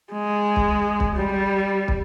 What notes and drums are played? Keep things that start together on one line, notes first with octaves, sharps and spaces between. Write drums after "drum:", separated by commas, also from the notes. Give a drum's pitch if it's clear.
G#3
drum: kick
drum: kick
G3
drum: kick